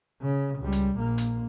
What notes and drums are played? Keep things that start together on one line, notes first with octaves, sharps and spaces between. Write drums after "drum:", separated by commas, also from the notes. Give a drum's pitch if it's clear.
C#3
C#2 G3
drum: hi-hat
A#1 A#3
drum: hi-hat